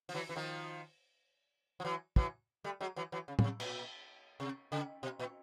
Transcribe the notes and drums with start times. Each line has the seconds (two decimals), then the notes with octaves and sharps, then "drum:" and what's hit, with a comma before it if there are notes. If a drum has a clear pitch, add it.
0.09 F3, drum: open hi-hat
0.14 E3 F#3
0.29 E3
0.36 D#3 F3
1.80 F3
1.85 E3 F#3
2.16 E3 F#3, drum: kick
2.64 G3 A3
2.81 F#3 G#3
2.96 E3 F#3
3.12 E3 F#3
3.28 C#3
3.39 C#3, drum: tom
3.44 C3
3.60 A#2, drum: cymbal
4.40 C3
4.72 C#3
5.03 B2
5.19 A#2